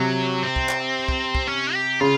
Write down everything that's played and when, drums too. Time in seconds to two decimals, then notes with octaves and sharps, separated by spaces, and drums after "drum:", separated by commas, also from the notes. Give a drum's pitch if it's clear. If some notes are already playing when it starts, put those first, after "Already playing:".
Already playing: C3 F#3
0.43 C4
0.56 drum: kick
0.69 drum: clap
1.08 drum: kick
1.35 drum: kick
1.47 C#4
1.74 G4
2.01 C#3 F4